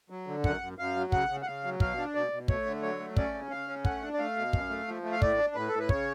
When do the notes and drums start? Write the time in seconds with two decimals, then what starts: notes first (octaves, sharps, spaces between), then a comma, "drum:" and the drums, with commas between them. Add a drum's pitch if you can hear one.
0.10 F#3
0.27 D3
0.44 F#2 F#5, drum: kick
0.61 F#2
0.78 F#2 F5
0.96 F#3
1.12 C#3 F#5, drum: kick
1.29 C#3
1.42 F#5
1.46 C#3 F5
1.64 F#3
1.80 B2 F5, drum: kick
1.97 D4
2.15 B2 D5
2.32 B2
2.48 A3 C#5, drum: kick
2.66 D3
2.82 F#3 C#5
3.00 A3
3.17 C#4 D5, drum: kick
3.34 C#3
3.51 C#3 F5
3.68 C#4
3.85 A3 F#5, drum: kick
4.02 D4
4.14 D5
4.19 A3 F5
4.36 B2
4.53 F#2, drum: kick
4.70 A3
4.88 F3
5.04 A3
5.12 F5
5.22 A2 D5, drum: kick
5.38 D4
5.55 A2 B4
5.68 A2 A4
5.79 B4
5.89 C#3 C#5, drum: kick